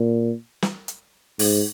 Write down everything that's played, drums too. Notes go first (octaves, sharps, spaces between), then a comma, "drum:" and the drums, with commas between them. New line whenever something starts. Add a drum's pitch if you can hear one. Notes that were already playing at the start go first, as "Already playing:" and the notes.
Already playing: A#2
drum: snare
drum: hi-hat
G#2, drum: open hi-hat